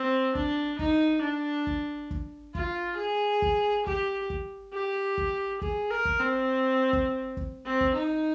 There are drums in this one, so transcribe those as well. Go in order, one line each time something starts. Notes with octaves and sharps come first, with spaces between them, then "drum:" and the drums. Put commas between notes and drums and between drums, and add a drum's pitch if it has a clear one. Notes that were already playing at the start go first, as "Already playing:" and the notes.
Already playing: C4
D4, drum: kick
D#4, drum: kick
D4
drum: kick
drum: kick
F4, drum: kick
G#4
drum: kick
G4, drum: kick
drum: kick
G4
drum: kick
G#4, drum: kick
A#4
drum: kick
C4
drum: kick
drum: kick
C4
drum: kick
D#4